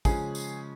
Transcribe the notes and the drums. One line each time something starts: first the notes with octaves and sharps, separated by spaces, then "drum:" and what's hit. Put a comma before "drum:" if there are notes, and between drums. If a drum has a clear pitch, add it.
C#3 F3 G#3 C#4 G#4, drum: kick, tambourine
drum: tambourine